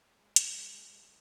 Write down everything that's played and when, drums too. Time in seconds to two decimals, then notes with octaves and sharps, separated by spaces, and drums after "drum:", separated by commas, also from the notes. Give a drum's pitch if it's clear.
0.14 G#3
0.36 drum: hi-hat